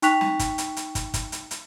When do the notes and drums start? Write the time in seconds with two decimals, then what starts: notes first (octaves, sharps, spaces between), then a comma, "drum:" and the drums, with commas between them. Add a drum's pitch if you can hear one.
0.02 D#4 G5 C#6 F#6 B6 F7, drum: hi-hat
0.21 drum: snare
0.39 drum: kick, hi-hat
0.58 drum: hi-hat
0.77 drum: hi-hat
0.95 drum: kick, hi-hat
1.14 drum: kick, hi-hat
1.32 drum: hi-hat
1.51 drum: hi-hat